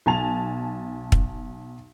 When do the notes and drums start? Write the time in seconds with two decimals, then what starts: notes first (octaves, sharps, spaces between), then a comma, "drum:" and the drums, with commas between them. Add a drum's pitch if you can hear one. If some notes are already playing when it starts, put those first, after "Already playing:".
0.06 B1 G#5 A5 F7
1.12 drum: kick